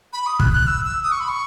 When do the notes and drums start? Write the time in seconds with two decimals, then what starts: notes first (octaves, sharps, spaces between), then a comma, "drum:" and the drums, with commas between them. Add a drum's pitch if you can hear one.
0.13 B5
0.26 D#6
0.40 F#6, drum: kick
0.53 F#6
0.67 E6
0.85 E6
1.03 D#6
1.12 C#6
1.20 B5
1.29 C#6